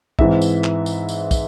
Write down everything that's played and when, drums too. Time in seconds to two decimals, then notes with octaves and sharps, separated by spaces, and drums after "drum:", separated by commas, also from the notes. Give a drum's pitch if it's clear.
0.19 G#2 E3 C4 E5, drum: kick
0.42 drum: tambourine
0.64 drum: clap
0.86 drum: tambourine
1.09 drum: tambourine
1.31 drum: kick, tambourine